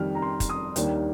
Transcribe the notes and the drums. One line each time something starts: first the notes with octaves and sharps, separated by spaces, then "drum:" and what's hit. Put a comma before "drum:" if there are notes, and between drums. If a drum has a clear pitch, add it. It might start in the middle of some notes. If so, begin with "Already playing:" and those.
Already playing: F2 D#3 G3 F6
A#5
C6
drum: kick, hi-hat
D#6
D#2 D#3 G3 A#3 D4, drum: hi-hat